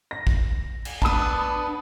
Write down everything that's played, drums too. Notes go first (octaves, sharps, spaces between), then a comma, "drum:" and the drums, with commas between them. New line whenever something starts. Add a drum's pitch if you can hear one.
A#6
drum: kick
drum: cymbal
B3 D4 A5 B5 D#6, drum: kick